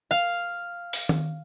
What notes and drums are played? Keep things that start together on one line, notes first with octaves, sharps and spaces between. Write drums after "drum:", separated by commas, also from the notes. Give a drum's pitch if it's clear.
F5
drum: open hi-hat
drum: tom D#3